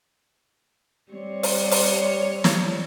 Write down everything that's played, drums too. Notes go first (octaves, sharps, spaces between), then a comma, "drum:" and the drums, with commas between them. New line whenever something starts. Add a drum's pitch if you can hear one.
G3 C4 C#5
drum: open hi-hat
drum: open hi-hat
drum: snare